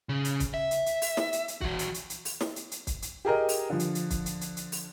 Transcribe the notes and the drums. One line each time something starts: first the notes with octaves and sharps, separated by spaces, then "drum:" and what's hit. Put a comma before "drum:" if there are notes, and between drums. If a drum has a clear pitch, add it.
C#3
drum: hi-hat
drum: kick, hi-hat
E5
drum: hi-hat
drum: hi-hat
drum: open hi-hat
drum: snare
drum: hi-hat
drum: hi-hat
E3 F#4, drum: kick
drum: hi-hat
drum: hi-hat
drum: hi-hat
drum: open hi-hat
drum: snare
drum: hi-hat
drum: hi-hat
drum: kick, hi-hat
drum: hi-hat
G4 G#4 A#4 D#5
drum: open hi-hat
D3 F3
drum: hi-hat
drum: hi-hat
drum: kick, hi-hat
drum: hi-hat
drum: hi-hat
drum: hi-hat
drum: open hi-hat